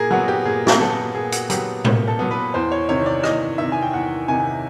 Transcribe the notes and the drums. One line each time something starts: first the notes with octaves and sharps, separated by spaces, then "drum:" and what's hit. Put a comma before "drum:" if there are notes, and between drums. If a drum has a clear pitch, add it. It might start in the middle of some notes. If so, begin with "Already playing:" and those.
Already playing: A#2 G#4 A#4
F#3 B3 F#4
G4
A#2 G#4
drum: snare
F#3 B3 A4
A#2 G#4
F#4, drum: hi-hat
F#3 B3 G4, drum: hi-hat
A#2, drum: tom A2
A4
F#3 B3
B4
E2 C5
C#5
C3 D#3 C#5
D5
E2 D#5, drum: rim click
C3 D#3 E5
G#5
G5
E2 F#5
C3 D#3 G#5